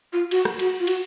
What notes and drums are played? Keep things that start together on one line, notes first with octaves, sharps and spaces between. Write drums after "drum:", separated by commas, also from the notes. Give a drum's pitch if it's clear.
F4
F#4, drum: cymbal
drum: rim click
F#4, drum: cymbal
F4
F#4, drum: cymbal